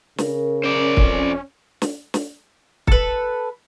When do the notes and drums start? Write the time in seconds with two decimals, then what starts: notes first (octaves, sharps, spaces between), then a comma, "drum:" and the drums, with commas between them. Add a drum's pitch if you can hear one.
0.18 C#3 A#4, drum: snare
0.64 C#4 C5 D5
0.97 F2, drum: kick
1.82 drum: snare
2.14 drum: snare
2.87 A4 B4, drum: kick